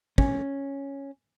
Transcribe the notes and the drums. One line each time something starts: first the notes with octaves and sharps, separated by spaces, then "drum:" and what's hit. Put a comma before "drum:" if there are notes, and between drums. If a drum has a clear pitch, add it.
C#4, drum: kick